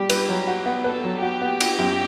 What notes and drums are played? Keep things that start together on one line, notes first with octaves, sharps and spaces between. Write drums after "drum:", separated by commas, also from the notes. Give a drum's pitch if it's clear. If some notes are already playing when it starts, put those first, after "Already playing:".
Already playing: G3 G4
B4, drum: cymbal
F#3
F#4
B3
A4 B4
F#3
F#4 G4
B3
B3, drum: cymbal
F#2